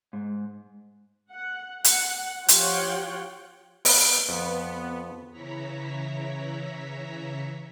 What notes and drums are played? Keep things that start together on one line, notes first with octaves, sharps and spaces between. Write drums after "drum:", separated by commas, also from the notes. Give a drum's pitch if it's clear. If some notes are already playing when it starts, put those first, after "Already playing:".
G#2
F#5
F#5, drum: hi-hat
F3 F4 G4 C#5 F#5 G5, drum: hi-hat
B3, drum: open hi-hat
F2 B3
C#3 E3 E4 C#5 A#5 B6